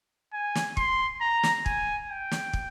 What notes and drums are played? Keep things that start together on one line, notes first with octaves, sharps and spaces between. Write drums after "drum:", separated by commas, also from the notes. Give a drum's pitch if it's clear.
G#5
drum: snare
C6, drum: kick
A#5
drum: snare
G#5, drum: kick
G5
drum: snare
drum: kick